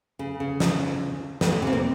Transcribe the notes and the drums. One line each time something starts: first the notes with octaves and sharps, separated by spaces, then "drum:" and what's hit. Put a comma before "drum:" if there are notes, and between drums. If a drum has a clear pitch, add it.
C#3
C#3
drum: snare
A2, drum: snare
A#2
C3
C4
A#3